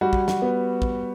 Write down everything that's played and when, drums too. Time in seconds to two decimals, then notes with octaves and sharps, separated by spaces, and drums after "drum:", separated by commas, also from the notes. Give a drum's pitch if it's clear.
0.01 G3 F#4
0.13 drum: kick
0.28 F#4, drum: snare
0.42 B3
0.82 drum: kick